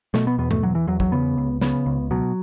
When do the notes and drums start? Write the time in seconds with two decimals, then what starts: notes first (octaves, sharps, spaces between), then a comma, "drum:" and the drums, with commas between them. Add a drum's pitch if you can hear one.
0.14 B2 A3, drum: snare
0.27 B3
0.38 E2 B3
0.51 A3, drum: tom G2
0.63 E2 F#3
0.75 E3
0.87 E2 F#3
1.00 F#3, drum: kick
1.12 C#3 B3
1.38 C#2
1.61 C#3 B3, drum: snare
1.86 C#2
2.11 B2 F#3